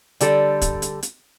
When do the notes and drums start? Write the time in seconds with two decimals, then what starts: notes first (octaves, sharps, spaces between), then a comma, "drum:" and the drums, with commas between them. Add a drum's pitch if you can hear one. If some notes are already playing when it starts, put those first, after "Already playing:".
0.21 D3 G3 A4, drum: hi-hat
0.62 drum: kick, hi-hat
0.82 drum: hi-hat
1.03 drum: hi-hat